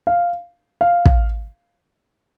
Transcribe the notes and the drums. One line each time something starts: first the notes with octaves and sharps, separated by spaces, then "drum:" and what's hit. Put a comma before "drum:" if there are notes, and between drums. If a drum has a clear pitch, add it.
F5
F5
drum: kick